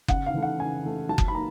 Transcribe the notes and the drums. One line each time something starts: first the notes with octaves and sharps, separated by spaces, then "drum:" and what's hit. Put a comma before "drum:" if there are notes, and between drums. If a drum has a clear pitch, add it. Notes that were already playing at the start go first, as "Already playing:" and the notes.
C#3 F#5, drum: kick F#1
F5
E3 A3
F#5
C#3 G#5
E3 A3
F#3 A5
drum: kick F#1
B5
A#3 A#5